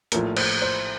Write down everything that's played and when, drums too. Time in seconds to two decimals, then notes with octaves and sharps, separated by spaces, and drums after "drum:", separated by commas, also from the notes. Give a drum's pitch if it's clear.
0.12 A#1 A2 F3 A#4, drum: hi-hat
0.37 C5, drum: cymbal
0.62 C5